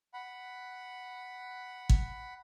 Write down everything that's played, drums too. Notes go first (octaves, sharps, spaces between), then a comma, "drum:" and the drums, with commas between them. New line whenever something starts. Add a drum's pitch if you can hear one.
F#5 B5
drum: kick